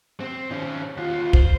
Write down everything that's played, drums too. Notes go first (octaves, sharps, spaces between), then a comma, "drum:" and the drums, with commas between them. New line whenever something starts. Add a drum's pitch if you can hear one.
C4
D#3 C#4
D#2 F4
C5, drum: kick